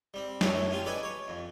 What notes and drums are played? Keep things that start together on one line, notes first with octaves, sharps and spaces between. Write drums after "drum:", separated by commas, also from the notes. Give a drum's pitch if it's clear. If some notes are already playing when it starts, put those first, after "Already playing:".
G3 C4
F#2 F#3 E4 A4 C#5, drum: snare
C#4 F4 G4
A4 B4 D5 D#5 G#5
C#5
F2